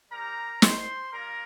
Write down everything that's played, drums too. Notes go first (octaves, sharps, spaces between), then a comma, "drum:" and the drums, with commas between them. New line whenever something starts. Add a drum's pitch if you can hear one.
G3 C4 G4 A#4 A#5
C5 C6, drum: snare
G3 A#3 F4 A#4 A#5